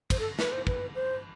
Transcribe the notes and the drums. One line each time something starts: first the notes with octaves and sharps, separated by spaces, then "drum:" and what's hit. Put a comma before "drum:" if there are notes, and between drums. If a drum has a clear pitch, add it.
C5, drum: kick, cymbal
A4
B4, drum: snare
C5
B4, drum: kick
C5